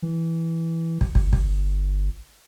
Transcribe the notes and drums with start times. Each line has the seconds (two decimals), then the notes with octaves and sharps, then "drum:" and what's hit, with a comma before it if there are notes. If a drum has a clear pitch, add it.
0.02 E3
1.01 drum: kick
1.15 G1, drum: kick
1.33 drum: kick